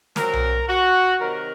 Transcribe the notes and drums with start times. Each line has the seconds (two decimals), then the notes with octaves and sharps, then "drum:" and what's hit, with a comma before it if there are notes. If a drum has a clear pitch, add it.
0.16 A#2 F#3 C4 A#4, drum: snare
0.33 drum: tom B1
0.68 F#4
1.19 C3 D#3 F#3 A#4